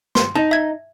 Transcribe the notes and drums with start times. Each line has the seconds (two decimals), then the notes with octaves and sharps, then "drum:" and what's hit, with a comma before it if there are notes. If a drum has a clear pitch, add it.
0.15 C6, drum: snare
0.35 D#4 A5
0.51 E5 G#6